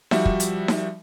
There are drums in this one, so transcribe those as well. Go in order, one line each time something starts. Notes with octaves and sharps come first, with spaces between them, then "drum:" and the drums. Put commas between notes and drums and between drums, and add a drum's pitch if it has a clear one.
F3 G3 F#4 E5, drum: snare D#4
drum: kick
drum: hi-hat
drum: snare D#4